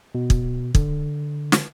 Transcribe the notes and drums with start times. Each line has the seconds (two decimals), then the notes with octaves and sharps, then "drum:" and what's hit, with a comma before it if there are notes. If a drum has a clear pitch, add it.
0.15 B2
0.30 drum: kick
0.75 D3, drum: kick
1.52 drum: snare